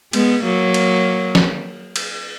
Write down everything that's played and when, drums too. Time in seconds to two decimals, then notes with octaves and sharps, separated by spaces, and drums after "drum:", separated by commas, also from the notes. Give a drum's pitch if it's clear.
0.13 G#3 B3, drum: cymbal
0.44 F#3 A#3
0.74 drum: cymbal
1.35 drum: snare
1.96 drum: cymbal